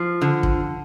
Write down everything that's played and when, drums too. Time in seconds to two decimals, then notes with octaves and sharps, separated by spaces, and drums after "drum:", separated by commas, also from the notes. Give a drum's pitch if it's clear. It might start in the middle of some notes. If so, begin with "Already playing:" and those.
Already playing: F3
0.21 D3
0.43 drum: kick